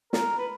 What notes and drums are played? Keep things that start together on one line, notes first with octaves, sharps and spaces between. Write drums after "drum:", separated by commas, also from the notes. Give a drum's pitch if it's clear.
A#4, drum: snare
B4